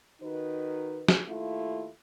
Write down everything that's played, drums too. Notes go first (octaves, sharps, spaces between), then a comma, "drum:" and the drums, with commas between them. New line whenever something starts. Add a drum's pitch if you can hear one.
D#3 D#4 F#4 B4
drum: snare
D#2 A3 E4 F4